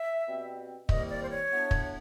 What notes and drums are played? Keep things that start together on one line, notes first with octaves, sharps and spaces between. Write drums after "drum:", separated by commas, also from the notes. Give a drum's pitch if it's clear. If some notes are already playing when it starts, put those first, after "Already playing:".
Already playing: E5
B2 G3 C4
C2 C3 D#3 G3 A#3 D#5, drum: kick
D5
C5
C#5
A2 F#3 B3 D4
drum: kick